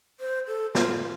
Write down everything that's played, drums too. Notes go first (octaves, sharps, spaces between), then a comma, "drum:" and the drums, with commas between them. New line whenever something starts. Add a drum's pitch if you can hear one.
C5
A4
F4, drum: snare